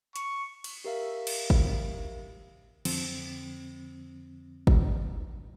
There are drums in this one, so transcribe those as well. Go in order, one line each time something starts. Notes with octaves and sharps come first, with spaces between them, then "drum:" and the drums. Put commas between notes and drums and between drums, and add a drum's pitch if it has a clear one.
C#6, drum: hi-hat
drum: cymbal
G4 A#4 E5 F5
drum: cymbal
drum: kick
F2 D3 F3 C4, drum: cymbal
drum: kick